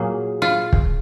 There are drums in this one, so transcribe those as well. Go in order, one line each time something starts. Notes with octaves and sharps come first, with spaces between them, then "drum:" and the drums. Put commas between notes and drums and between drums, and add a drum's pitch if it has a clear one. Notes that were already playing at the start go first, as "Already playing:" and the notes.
Already playing: A#2 F#3 A#3 G#4
F4
drum: kick